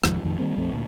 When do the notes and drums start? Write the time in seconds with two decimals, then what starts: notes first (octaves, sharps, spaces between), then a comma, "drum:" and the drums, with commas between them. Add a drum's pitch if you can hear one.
0.04 F1 D#2 G#2 F3, drum: rim click
0.23 A1 F2 D#3
0.38 D#3 G3 A#3 C4
0.57 A#1 F2 A3 C4
0.73 D2 A#2